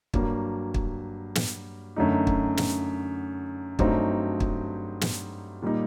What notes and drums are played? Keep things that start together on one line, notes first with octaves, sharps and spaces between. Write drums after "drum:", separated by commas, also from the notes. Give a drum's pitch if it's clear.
G2 F#3 A#3, drum: kick
drum: kick
drum: snare
F#2 D3 A3 D#4
drum: kick
drum: snare
G2 F#3 A3 C4 D#4, drum: kick
drum: kick
drum: snare
A#2 G3 A#3 D#4